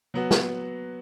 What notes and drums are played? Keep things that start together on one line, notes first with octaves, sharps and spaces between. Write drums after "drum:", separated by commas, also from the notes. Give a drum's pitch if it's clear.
F#3 B3 F#4
drum: snare